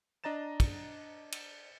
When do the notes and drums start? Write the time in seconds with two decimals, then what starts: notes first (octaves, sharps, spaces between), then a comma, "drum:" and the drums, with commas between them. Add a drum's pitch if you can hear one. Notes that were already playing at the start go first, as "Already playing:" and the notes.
0.24 D4 D#5 A#5 A6 E7
0.60 drum: kick, cymbal
1.32 drum: cymbal